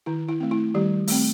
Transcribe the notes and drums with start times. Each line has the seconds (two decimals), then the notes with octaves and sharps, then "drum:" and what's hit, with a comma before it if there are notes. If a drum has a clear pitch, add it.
0.06 D#3 E4
0.29 E4
0.40 A3 C4
0.51 E4
0.74 D#3 G3 G4
1.08 A3 C4, drum: open hi-hat